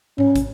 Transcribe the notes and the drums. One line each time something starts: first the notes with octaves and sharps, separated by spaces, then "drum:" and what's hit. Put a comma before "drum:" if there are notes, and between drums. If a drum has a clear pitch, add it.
C#4, drum: tom G#2
drum: kick, hi-hat